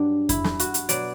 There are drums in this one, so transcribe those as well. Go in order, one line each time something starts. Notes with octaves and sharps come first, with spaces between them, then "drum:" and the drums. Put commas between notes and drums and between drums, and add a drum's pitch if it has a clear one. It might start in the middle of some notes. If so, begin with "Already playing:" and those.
Already playing: G2 F#3 D4
E4, drum: kick F2, hi-hat
drum: snare
F#4, drum: hi-hat
drum: hi-hat
B2 F#3 D5, drum: hi-hat